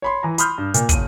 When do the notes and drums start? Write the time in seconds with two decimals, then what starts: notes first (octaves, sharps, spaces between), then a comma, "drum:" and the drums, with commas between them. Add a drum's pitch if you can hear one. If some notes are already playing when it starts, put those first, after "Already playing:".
0.02 C#5 B5 C6
0.23 E3 A#5
0.38 B5 C6 D#6 F6 G6, drum: hi-hat
0.58 G2
0.74 A#2, drum: hi-hat
0.89 F#1 D#7, drum: kick, hi-hat